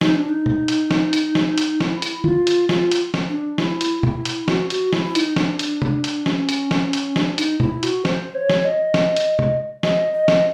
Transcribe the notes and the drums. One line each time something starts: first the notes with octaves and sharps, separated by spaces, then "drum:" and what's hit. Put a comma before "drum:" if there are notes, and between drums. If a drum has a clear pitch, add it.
D#4, drum: snare
D4
D#4
drum: tom
drum: hi-hat
drum: snare
drum: hi-hat
drum: snare
drum: hi-hat
E4, drum: snare
drum: hi-hat
F4, drum: tom
drum: hi-hat
F4, drum: snare
drum: hi-hat
drum: snare
D4
E4, drum: snare
drum: hi-hat
E4, drum: tom
drum: hi-hat
F#4, drum: snare
F#4, drum: hi-hat
E4, drum: snare
D#4, drum: hi-hat
D4, drum: snare
drum: hi-hat
drum: tom C3
drum: hi-hat
C#4, drum: snare
drum: hi-hat
drum: snare
drum: hi-hat
D4, drum: snare
D#4, drum: hi-hat
E4, drum: tom
F#4, drum: hi-hat
C5, drum: snare
C#5
drum: snare
D#5
drum: snare
drum: hi-hat
drum: tom C3
D#5, drum: snare
D#5
drum: snare